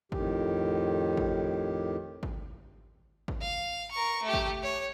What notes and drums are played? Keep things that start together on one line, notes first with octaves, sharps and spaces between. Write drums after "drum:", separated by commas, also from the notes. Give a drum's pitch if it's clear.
F2 A2 D#3 G4, drum: kick G#1
drum: kick G#1
drum: kick G#1
drum: kick G#1
F5
A#4 C#6
A3 G4
drum: kick G#1
C#5